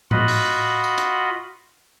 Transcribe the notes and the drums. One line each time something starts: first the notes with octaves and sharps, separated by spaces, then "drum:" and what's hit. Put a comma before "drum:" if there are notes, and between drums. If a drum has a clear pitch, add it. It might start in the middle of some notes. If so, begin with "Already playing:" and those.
F4 F#4 D#5 F#5 B5, drum: tom A2
drum: open hi-hat
drum: tambourine
drum: hi-hat